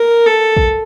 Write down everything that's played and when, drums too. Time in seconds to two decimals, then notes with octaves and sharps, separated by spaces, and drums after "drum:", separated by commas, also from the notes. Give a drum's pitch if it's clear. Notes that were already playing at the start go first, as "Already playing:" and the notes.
Already playing: A#4
0.26 A4
0.57 drum: kick